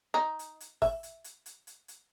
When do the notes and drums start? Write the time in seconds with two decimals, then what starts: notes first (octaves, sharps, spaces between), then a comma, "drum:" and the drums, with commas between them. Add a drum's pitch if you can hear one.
0.14 D#4
0.39 drum: hi-hat
0.60 drum: hi-hat
0.82 E5, drum: kick, open hi-hat
1.03 drum: hi-hat
1.24 drum: hi-hat
1.46 drum: hi-hat
1.67 drum: hi-hat
1.88 drum: hi-hat